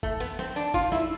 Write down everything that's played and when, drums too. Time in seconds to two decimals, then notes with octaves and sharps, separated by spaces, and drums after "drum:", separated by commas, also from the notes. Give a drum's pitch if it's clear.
0.03 A3, drum: kick
0.20 B3, drum: hi-hat
0.39 C4, drum: snare
0.56 D4, drum: hi-hat
0.74 F4, drum: kick, hi-hat
0.92 E4, drum: snare